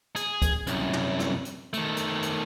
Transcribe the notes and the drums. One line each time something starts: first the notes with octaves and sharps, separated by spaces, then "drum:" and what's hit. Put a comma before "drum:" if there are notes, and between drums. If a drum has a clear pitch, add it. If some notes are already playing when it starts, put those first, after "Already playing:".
G#4, drum: hi-hat
drum: kick, hi-hat
C2 F#2, drum: hi-hat
drum: tom
drum: rim click
drum: hi-hat
D#3 A3, drum: hi-hat
drum: hi-hat
drum: hi-hat